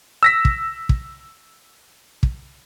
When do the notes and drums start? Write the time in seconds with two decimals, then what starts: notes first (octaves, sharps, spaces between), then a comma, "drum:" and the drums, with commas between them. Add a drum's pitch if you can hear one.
0.23 E6 A#6 B6
0.45 drum: kick
0.89 drum: kick
2.23 drum: kick